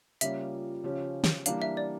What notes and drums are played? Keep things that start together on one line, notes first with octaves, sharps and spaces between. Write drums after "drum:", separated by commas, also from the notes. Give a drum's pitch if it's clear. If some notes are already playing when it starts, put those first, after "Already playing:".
C#3 G3 A#3 C#4 F4 E5, drum: hi-hat
C#3 F3 C#4 G4
drum: snare
E3 G3 A#3 D4 F5, drum: hi-hat
E5
D5